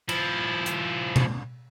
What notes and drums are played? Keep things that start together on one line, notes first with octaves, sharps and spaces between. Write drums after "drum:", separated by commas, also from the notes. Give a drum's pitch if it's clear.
F3 E4, drum: cymbal
drum: hi-hat
drum: tom B2